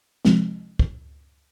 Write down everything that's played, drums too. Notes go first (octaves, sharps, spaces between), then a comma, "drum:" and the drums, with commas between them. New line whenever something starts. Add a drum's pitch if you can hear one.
C3 F3 G#3 C4, drum: snare
drum: kick